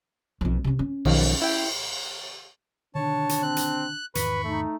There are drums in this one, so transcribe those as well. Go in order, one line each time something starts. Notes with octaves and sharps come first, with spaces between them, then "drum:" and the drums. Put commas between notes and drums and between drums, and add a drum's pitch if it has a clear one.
B1 F2
C3 C#4
C#4
B1 D#3 F3, drum: cymbal
E4 G5
B2 D3 D#3 D4 C#5 A5
drum: hi-hat
C4 F#6
drum: hi-hat
E2 G#2 D#3 B4 B5 C#6, drum: hi-hat
A3 D#4